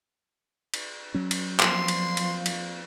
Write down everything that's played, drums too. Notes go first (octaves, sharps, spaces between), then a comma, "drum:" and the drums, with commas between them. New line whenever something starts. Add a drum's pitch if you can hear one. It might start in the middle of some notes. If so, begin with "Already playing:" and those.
drum: cymbal
F#3 C#4
drum: cymbal
F3 A#3 C4 F4 C6, drum: clap
drum: cymbal
drum: cymbal
drum: cymbal